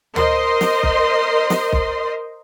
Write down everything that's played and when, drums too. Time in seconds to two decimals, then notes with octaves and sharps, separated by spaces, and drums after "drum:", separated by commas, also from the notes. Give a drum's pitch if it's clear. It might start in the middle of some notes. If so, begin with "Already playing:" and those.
0.16 A#4 C5 D#5 C6, drum: tom D2
0.61 drum: snare
0.83 drum: kick B1
1.50 drum: snare
1.72 drum: kick B1